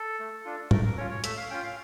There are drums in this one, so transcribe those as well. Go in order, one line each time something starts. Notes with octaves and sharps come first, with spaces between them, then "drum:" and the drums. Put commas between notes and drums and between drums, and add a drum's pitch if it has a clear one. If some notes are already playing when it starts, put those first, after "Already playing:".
Already playing: A4
A3
D4 F4
A3 A#4, drum: tom
A#4
C#4 F4 C#5
C#5
A3 E5, drum: hi-hat
F5
C#4 F4 G5
F5